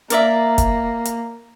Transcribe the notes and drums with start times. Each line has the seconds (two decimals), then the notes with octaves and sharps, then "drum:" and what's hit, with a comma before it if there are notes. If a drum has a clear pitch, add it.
0.10 A#3 A#4 D5 E5, drum: hi-hat
0.58 drum: kick F1, hi-hat
1.05 drum: hi-hat